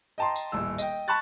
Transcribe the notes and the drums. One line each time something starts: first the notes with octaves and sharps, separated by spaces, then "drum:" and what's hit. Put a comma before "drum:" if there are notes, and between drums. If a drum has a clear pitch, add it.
D#5 G5 A5 A#5 C6
drum: tambourine
D#1 A1 E6
D#5 G5, drum: tambourine
A5 B5 C#6 F#6 A6